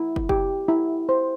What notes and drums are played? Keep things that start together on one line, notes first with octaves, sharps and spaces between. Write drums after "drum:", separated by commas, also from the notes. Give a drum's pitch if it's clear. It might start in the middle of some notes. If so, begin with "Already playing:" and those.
Already playing: E4
drum: kick
G4, drum: kick
E4
C5